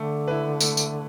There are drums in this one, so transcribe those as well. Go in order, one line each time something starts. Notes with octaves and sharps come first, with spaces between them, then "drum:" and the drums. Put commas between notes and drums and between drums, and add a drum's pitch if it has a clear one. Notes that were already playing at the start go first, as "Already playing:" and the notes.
Already playing: D3 A3
E4 B4
A3, drum: tambourine
drum: tambourine